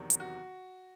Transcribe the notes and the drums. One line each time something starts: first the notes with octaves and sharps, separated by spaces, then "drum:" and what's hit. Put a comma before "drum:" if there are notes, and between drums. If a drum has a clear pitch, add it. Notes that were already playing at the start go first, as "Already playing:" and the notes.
Already playing: E2 C3 D#3 F#3
drum: hi-hat
F#4